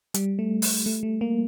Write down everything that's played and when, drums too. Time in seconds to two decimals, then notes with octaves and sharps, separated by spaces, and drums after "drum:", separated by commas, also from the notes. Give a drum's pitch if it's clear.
0.14 G3, drum: hi-hat
0.39 A3
0.62 drum: open hi-hat
0.86 A3
1.03 A3
1.21 A#3